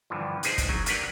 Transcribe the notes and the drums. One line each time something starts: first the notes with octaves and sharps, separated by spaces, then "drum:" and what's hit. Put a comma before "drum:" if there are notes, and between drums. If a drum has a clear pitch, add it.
G2 D3 E3 F3
D4 D#4 G#4 B4 C5 D5, drum: hi-hat
drum: kick, hi-hat
F#3
A#3 D4 G4 B4 F#5, drum: hi-hat